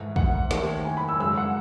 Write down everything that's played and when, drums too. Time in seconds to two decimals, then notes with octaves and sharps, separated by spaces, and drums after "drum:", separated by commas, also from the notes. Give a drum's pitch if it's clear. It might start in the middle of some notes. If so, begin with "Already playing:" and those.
Already playing: G#2 E3 A3
0.16 F#5, drum: kick
0.51 D#2 D#3 A3, drum: snare
0.85 G#5
0.97 B5
1.09 E6
1.20 F#2 C#3 G#3 E6
1.37 F#5